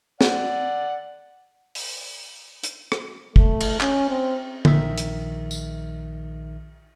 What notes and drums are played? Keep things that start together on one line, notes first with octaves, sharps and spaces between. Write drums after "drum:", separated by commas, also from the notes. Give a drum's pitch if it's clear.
D5 F#5, drum: snare
drum: open hi-hat
drum: hi-hat
drum: rim click
A3, drum: kick
drum: cymbal
C#4, drum: clap
C4
A#1 D#3 E5, drum: tom
drum: hi-hat
drum: tambourine